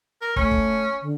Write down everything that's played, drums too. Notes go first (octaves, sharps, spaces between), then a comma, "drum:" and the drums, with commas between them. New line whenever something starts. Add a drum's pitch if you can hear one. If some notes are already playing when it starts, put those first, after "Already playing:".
A#4
A3 C#4, drum: kick
drum: kick
D3